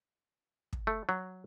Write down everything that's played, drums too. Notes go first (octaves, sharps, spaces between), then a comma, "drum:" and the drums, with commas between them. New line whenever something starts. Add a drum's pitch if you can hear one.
drum: kick
A3
F#3